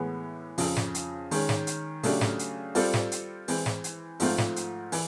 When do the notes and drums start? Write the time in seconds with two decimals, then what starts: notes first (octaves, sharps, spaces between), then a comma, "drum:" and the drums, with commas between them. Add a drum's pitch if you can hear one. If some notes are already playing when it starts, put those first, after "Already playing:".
Already playing: A2 E3 G#3 B3
0.58 F2 C#3 F3, drum: open hi-hat
0.76 drum: snare
0.95 drum: hi-hat
1.31 D#3 G#3 C#4, drum: open hi-hat
1.49 drum: snare
1.67 drum: hi-hat
2.03 C#3 F#3 A3 D4 G4, drum: open hi-hat
2.21 drum: snare
2.39 drum: hi-hat
2.75 G3 C4 F4 A4 D5, drum: open hi-hat
2.94 drum: snare
3.12 drum: hi-hat
3.48 E3 G#3 C4, drum: open hi-hat
3.66 drum: snare
3.84 drum: hi-hat
4.20 G#2 F3 A3 C4 F4, drum: open hi-hat
4.38 drum: snare
4.56 drum: hi-hat
4.92 E3, drum: open hi-hat